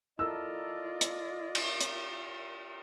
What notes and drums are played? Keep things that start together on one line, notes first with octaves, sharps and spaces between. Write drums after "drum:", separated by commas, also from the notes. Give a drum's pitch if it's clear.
E4 F4 A4 A#4 D5 D#5 E6
drum: hi-hat
drum: cymbal
drum: hi-hat